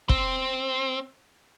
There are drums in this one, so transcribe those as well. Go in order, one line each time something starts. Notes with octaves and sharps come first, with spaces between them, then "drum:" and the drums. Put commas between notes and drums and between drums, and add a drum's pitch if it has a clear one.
C4, drum: kick